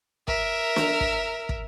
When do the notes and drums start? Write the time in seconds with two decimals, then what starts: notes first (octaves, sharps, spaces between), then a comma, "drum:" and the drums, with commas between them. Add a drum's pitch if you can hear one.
0.28 A#4 E5, drum: kick
0.76 drum: snare
1.01 drum: kick
1.49 drum: kick